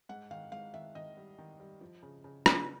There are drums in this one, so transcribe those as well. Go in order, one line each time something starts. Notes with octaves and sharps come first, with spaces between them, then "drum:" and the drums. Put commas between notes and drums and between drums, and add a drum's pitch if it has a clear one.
G#2 F#5
D#3 F5
G#2 F5
D#3 E5
D#3 D#5
G3
D#3
G3
F3
C#3
C#3
C#3, drum: rim click